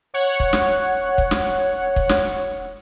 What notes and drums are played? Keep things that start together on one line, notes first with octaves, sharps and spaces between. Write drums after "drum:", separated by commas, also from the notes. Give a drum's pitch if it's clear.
C#5 F#5
drum: kick
drum: snare
drum: kick
drum: snare
drum: kick
drum: snare